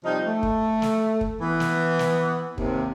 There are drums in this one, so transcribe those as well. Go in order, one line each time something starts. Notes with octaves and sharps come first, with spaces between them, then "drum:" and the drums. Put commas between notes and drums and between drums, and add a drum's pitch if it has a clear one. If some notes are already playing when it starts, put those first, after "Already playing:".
C3 F3 G3 D#4
A3
drum: kick
drum: snare
drum: kick
E3 B3
drum: snare
drum: snare
D#2 C3, drum: kick